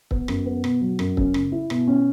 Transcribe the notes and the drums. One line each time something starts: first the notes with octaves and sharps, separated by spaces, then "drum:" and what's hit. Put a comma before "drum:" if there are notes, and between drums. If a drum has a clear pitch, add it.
B3, drum: kick
F#2, drum: rim click
B3
B2, drum: rim click
F#3
F#2, drum: rim click
C#4, drum: kick
C#3, drum: rim click
E4
B2, drum: rim click
C#4